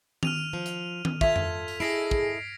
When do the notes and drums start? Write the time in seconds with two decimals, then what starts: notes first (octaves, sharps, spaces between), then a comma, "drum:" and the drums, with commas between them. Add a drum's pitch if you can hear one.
0.23 F6 D#7 F7, drum: tom D#3
0.53 F3
0.66 drum: hi-hat
1.05 drum: tom D#3
1.21 F4 A4 E5 G#6 B6 F7, drum: kick
1.36 drum: tom F2
1.68 drum: tambourine
1.80 E4 G#4 A4 D#5 A#6 C7 D7
2.11 drum: kick